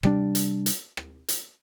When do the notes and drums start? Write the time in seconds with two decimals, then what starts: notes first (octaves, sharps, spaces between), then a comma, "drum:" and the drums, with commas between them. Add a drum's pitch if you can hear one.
0.03 C3 G3 D4, drum: rim click
0.35 drum: hi-hat
0.66 drum: hi-hat
0.97 drum: rim click
1.28 drum: hi-hat